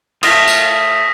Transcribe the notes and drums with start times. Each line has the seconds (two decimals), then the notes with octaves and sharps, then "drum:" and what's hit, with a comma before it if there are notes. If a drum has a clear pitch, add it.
0.23 A3 F4 D#6 A#6 B6, drum: cymbal
0.48 drum: tambourine